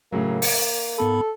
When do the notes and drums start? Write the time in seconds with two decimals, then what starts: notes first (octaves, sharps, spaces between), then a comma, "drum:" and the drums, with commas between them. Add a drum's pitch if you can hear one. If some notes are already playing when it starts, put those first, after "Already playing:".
0.12 A2 C#3 F#3 A#3
0.42 C#7, drum: open hi-hat
0.98 G#2 B3 A4 B5